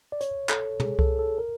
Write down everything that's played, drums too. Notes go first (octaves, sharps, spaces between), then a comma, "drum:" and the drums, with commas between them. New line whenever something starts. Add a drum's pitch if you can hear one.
D5
C#5, drum: hi-hat
A4, drum: clap
G#4, drum: tom
A4, drum: kick C2
A4
A#4